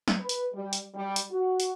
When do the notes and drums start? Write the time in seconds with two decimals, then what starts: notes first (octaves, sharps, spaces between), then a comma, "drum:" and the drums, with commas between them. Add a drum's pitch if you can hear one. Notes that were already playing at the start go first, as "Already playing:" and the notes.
0.08 drum: snare
0.20 B4
0.29 drum: hi-hat
0.54 G3
0.73 drum: hi-hat
0.94 G3
1.16 drum: hi-hat
1.31 F#4
1.60 drum: hi-hat